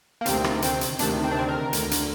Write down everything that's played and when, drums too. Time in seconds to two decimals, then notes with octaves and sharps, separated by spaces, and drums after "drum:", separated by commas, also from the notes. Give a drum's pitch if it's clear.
0.21 A#3
0.26 D2 C3 D#3 C4, drum: hi-hat
0.44 drum: rim click
0.62 C4, drum: hi-hat
0.81 drum: hi-hat
0.99 D2 C3 D#3 D4, drum: hi-hat
1.24 C4
1.31 D4
1.39 C4
1.49 A#4
1.73 D2 D3, drum: hi-hat
1.91 drum: hi-hat